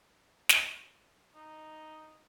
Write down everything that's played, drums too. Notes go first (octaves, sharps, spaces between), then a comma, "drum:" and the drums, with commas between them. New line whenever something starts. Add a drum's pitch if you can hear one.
drum: snare
D#4